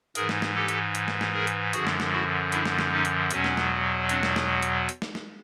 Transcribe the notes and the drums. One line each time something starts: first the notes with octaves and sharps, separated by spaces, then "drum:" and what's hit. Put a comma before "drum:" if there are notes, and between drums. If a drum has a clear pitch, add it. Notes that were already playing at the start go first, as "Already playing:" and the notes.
G#2 E3 G#4 A#4, drum: hi-hat
drum: snare
drum: snare
G4 A4
drum: hi-hat
drum: hi-hat
drum: snare
drum: snare
G#4 A#4
drum: hi-hat
F#2 D3 F3 F#4 G#4, drum: hi-hat
drum: snare
drum: snare
E4 F#4
D4 E4, drum: hi-hat
drum: snare
drum: snare
C#4 D#4
drum: hi-hat
E2 B2 F#3 C#4, drum: hi-hat
drum: snare
drum: snare
C4 D4, drum: hi-hat
drum: snare
drum: snare
drum: hi-hat
drum: hi-hat
drum: snare
drum: snare